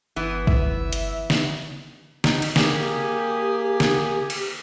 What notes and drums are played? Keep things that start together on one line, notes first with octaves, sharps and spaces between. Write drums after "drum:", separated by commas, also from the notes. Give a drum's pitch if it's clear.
G1 E3 B3
E5, drum: kick A#1
drum: hi-hat
drum: snare
D#4, drum: snare
drum: cymbal
A#3 G4 G#4 G#5, drum: snare
drum: snare
drum: cymbal